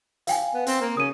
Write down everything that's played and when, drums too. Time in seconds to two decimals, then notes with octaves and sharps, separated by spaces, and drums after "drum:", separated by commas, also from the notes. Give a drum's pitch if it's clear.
0.27 F5 G5 G#5, drum: hi-hat
0.54 B3
0.67 C4, drum: hi-hat
0.81 A#3
0.97 C#3 D#6 D#7